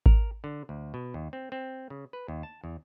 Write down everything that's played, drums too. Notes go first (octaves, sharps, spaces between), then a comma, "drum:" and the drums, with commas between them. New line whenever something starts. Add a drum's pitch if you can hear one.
A#4, drum: kick G#1
D3
D2
B2
D#2
C4
C4
C#3
B4
D#2
A5
E2